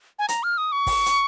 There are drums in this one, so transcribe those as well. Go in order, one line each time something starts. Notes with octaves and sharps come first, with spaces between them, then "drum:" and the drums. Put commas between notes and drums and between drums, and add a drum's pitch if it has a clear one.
G#5
A#5, drum: hi-hat
F6
D#6
C#6
drum: kick, open hi-hat
drum: hi-hat